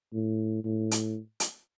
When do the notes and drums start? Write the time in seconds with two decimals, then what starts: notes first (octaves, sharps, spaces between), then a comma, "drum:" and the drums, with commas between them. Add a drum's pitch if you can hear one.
0.13 A2
0.64 A2
0.91 drum: hi-hat
1.40 drum: hi-hat